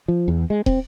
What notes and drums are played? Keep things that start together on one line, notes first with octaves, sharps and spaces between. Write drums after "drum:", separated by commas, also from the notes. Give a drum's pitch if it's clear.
F3
E2
G#3
C4, drum: kick